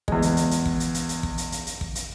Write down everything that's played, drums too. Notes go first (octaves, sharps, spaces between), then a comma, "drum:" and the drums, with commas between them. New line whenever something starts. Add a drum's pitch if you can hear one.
E2 G#3, drum: kick
drum: hi-hat
drum: hi-hat
drum: hi-hat
drum: kick
drum: hi-hat
drum: hi-hat
drum: hi-hat
drum: kick
drum: hi-hat
drum: hi-hat
drum: hi-hat
drum: kick
drum: hi-hat